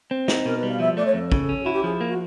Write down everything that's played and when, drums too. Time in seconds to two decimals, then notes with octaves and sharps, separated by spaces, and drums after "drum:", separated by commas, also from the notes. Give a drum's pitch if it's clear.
0.11 C4
0.28 D#4, drum: snare
0.45 B2 A#4
0.57 B4
0.63 G3
0.69 F5
0.80 F3 E5
0.97 A3 D5
1.05 C#5
1.14 F2 A4
1.32 C#3, drum: kick
1.49 C#4
1.63 E4 F#4
1.73 G4
1.83 F3 G#4
2.01 A#3
2.09 F#4